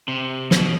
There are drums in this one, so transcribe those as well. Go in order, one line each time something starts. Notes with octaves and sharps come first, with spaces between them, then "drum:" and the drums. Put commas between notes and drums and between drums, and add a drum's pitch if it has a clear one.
C3
B2, drum: snare